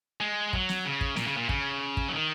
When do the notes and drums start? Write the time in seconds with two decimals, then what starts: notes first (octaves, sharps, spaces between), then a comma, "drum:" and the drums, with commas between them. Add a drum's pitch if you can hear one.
0.20 G#3
0.53 F#3, drum: kick
0.69 drum: snare
0.85 C#3
1.01 drum: kick
1.16 A#2, drum: snare
1.27 C#3
1.37 A#2
1.49 C#3, drum: kick
1.97 drum: kick
2.08 F#3
2.13 D#3